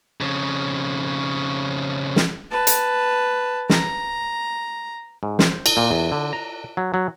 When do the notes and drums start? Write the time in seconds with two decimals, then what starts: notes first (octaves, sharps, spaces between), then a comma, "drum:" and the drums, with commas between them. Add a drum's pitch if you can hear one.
0.20 F2 C#3
2.16 drum: snare
2.51 B4 A5
2.67 drum: hi-hat
3.70 A#5, drum: snare
5.23 G#2
5.39 C5, drum: snare
5.66 drum: cymbal
5.77 A#2
5.91 E2
6.12 D3
6.33 A#5
6.77 F#3
6.94 F#3